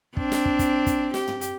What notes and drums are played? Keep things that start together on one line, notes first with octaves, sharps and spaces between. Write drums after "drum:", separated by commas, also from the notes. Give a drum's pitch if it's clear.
C4 D4, drum: kick
drum: snare
drum: kick
drum: kick, hi-hat
drum: kick, hi-hat
G4, drum: snare
drum: tom
drum: hi-hat